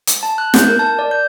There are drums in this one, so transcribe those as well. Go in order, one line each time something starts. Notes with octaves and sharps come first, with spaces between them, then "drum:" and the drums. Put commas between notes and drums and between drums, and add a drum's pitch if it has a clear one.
drum: hi-hat
A5
F#6
G6, drum: snare
A#4
A5
D5
G6